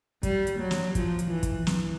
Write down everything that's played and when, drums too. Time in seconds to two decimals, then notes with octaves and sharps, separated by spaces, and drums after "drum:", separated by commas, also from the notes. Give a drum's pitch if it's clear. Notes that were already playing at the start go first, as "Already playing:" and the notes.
0.23 G3, drum: kick, hi-hat
0.47 drum: hi-hat
0.59 F#3
0.71 drum: snare
0.95 F3, drum: kick, hi-hat
1.19 drum: hi-hat
1.30 E3
1.43 drum: kick, hi-hat
1.67 E3, drum: snare